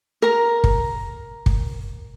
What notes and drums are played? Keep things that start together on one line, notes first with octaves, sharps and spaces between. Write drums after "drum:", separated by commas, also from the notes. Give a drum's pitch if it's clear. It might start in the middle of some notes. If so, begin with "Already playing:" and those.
A#4 A#5
drum: kick
drum: kick